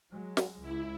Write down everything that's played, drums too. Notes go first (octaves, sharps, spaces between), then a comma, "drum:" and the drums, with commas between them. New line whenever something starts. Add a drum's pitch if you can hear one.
F#3 G#3
drum: snare
C#2 E4